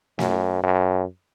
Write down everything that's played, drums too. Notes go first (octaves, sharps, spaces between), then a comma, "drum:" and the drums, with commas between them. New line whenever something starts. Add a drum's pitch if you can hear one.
F#2, drum: snare
F#2